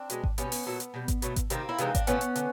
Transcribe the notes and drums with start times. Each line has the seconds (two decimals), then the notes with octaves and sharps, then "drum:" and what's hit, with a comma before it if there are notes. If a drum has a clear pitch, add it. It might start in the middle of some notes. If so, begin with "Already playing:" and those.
Already playing: C4 D4
0.10 B2 G#3, drum: hi-hat
0.24 drum: kick G#1
0.38 B2 G3 B3 C#4, drum: hi-hat
0.52 drum: open hi-hat
0.66 A#2 F#3 A3
0.80 drum: hi-hat
0.94 B2 G3
1.08 drum: kick G#1, hi-hat
1.22 B2 F#3 A3, drum: hi-hat
1.36 drum: kick G#1, hi-hat
1.50 C3 D#3 G3 A#3 C4, drum: hi-hat
1.69 E4
1.78 C3 E3 G#3 D#4, drum: hi-hat
1.95 D4, drum: kick G#1, hi-hat
2.07 A2 F3 A3 B3 C#4, drum: hi-hat
2.21 drum: hi-hat
2.36 D3, drum: hi-hat